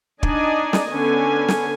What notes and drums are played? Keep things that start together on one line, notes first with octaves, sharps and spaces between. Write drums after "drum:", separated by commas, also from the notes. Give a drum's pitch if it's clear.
D4 D#4 D5 D#5 G#5, drum: kick
drum: snare
D3 B3 C#4 G#5
drum: snare